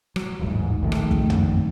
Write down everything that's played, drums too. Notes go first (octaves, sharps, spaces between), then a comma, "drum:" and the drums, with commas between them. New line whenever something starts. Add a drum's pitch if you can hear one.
F#3, drum: rim click
D#1 A1 G#2
A#1 D#3 A3
drum: rim click
drum: kick
drum: tom